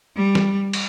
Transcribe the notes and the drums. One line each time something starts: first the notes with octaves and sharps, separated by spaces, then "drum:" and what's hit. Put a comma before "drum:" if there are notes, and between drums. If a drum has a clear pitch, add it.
G3
drum: snare
drum: cymbal